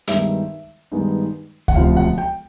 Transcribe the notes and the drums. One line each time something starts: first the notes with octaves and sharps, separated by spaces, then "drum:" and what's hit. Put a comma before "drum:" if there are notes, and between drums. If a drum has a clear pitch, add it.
G2 D#3 G#3 B3 D#4 E5, drum: hi-hat
G2 D#3 G#3 B3 D#4
F#5, drum: kick C#2
E1 D2 C3 F3 F5
F#5
G5